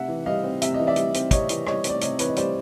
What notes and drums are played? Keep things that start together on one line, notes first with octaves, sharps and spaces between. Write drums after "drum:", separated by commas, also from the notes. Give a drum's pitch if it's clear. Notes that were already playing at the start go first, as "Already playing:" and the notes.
Already playing: C3 E5 F#5
E3
G3 D#5 F5
C4
C3 E5, drum: hi-hat
E3 D#5
D5 E5
G3, drum: hi-hat
C4, drum: hi-hat
C3 C#5 D#5, drum: kick, hi-hat
E3, drum: hi-hat
G3 C#5 D#5, drum: rim click
C4, drum: hi-hat
D5
C3 C#5 D#5, drum: hi-hat
E3 B4 C#5, drum: hi-hat
D#5
G3 C5 D5, drum: hi-hat